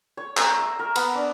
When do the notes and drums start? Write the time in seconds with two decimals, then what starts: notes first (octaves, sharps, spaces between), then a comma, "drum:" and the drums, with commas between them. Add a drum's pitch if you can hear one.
0.17 C#5
0.37 A#5, drum: clap
0.59 E5
0.79 A#4
0.96 B3, drum: cymbal
1.15 D4